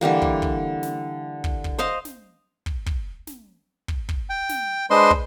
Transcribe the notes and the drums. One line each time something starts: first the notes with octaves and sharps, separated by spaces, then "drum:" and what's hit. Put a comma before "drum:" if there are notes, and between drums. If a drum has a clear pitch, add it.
D3 E3 G3 A#3
drum: kick
drum: kick
drum: snare
drum: kick
drum: kick
C5 D#5 F5 C6
drum: snare
drum: kick
drum: kick
drum: snare
drum: kick
drum: kick
G5
drum: snare
G#3 D4 B4 C5 D#5 C6
drum: kick